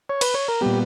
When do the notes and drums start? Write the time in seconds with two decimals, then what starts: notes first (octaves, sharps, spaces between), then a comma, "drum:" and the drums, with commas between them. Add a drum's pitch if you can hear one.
0.10 C#5
0.21 B4, drum: cymbal
0.34 C#5
0.48 A#4
0.61 A#2 G3 B3 G4